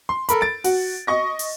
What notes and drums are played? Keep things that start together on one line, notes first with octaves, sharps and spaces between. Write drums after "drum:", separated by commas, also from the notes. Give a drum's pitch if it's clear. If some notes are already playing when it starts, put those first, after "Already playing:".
C6
A4 A#4 B5, drum: hi-hat
A6 D7
F#4, drum: open hi-hat
D#5 C#6 A#6
drum: open hi-hat